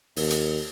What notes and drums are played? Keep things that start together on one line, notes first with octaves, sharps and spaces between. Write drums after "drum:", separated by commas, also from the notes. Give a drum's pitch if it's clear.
D#2, drum: open hi-hat
drum: hi-hat